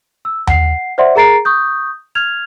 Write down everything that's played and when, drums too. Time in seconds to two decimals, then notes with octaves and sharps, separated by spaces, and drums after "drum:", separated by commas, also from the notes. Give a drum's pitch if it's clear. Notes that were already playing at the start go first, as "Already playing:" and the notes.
0.25 E6
0.47 F#5 C7, drum: tom D#2
0.98 C5 D5 E5 F#5 C6
1.16 G#4 A#4 A#5 A6 C7 D7
1.45 C#6 D#6 G6
2.15 F6 G#6 F7